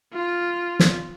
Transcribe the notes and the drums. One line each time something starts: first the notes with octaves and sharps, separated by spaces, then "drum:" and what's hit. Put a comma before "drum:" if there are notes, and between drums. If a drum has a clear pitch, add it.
F4
drum: snare